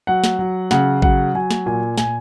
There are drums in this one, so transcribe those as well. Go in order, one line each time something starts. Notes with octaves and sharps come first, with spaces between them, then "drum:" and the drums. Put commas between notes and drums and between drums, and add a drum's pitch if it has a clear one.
F#3 F#5
drum: snare
F#3
C#3 F#5, drum: snare
F#3 F#5, drum: kick G#1
F#3 G#5
drum: snare
A#2 G#5
A#2 G#5, drum: snare